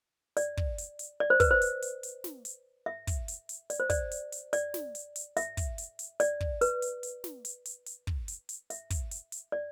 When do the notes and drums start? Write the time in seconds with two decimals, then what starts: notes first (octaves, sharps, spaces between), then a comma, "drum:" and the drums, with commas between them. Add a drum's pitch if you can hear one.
0.37 D5, drum: hi-hat
0.57 drum: kick
0.78 drum: hi-hat
0.99 drum: hi-hat
1.20 D5
1.30 C5
1.40 B4, drum: kick, hi-hat
1.51 C5
1.62 drum: hi-hat
1.82 drum: hi-hat
2.03 drum: hi-hat
2.24 drum: snare
2.45 drum: hi-hat
2.86 E5
3.07 drum: kick, hi-hat
3.28 drum: hi-hat
3.49 drum: hi-hat
3.70 D5, drum: hi-hat
3.80 C5
3.90 D5, drum: kick, hi-hat
4.11 drum: hi-hat
4.32 drum: hi-hat
4.53 D5, drum: hi-hat
4.74 drum: snare
4.95 drum: hi-hat
5.16 drum: hi-hat
5.37 E5, drum: hi-hat
5.57 drum: kick, hi-hat
5.78 drum: hi-hat
5.99 drum: hi-hat
6.20 D5, drum: hi-hat
6.41 drum: kick
6.61 B4, drum: hi-hat
6.82 drum: hi-hat
7.03 drum: hi-hat
7.24 drum: snare
7.45 drum: hi-hat
7.65 drum: hi-hat
7.86 drum: hi-hat
8.07 drum: kick
8.28 drum: hi-hat
8.49 drum: hi-hat
8.70 E5, drum: hi-hat
8.90 drum: kick, hi-hat
9.11 drum: hi-hat
9.32 drum: hi-hat
9.52 D5